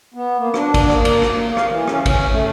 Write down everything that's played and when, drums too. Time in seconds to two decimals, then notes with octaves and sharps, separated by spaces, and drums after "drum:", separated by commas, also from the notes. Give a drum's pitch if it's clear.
0.14 B3
0.38 A#3
0.54 D4, drum: rim click
0.74 D4, drum: kick, cymbal
0.90 A#3, drum: rim click
1.05 drum: cymbal
1.22 drum: rim click
1.33 A#3
1.57 F5, drum: rim click
1.68 E3
1.87 C#4, drum: rim click
2.06 C#4, drum: kick, cymbal
2.31 A3